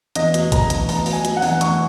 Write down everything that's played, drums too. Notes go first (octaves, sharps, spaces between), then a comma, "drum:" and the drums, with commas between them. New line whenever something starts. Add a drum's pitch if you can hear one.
E2 D#5, drum: hi-hat
B2, drum: hi-hat
F#3 A#5, drum: kick, hi-hat
E2, drum: hi-hat
E2 A#5, drum: open hi-hat
B2, drum: open hi-hat
G#5
F#3, drum: hi-hat
F#5
E2, drum: open hi-hat
E2 C#6, drum: hi-hat